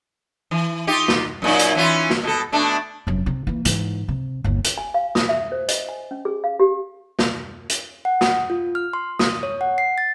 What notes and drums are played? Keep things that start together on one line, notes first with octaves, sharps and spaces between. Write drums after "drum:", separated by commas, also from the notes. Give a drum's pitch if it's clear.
E3
D#4 F4 G4
drum: snare
F#2 A#2 D#4
drum: hi-hat
E3 C#4 F4
drum: snare
B2 A4
B2 A3 D4
F1 F#2
C3
E3 A#3
G#2 E3, drum: hi-hat
C3
G1 D#2
drum: hi-hat
G#5
F5
D#6, drum: snare
E5
C5
D#5, drum: hi-hat
G#5
C#4
G#4
F5
G4
drum: snare
drum: hi-hat
F#5
D#6, drum: snare
F4
F6
C6
D#6, drum: snare
C#5
F#5
C7
A6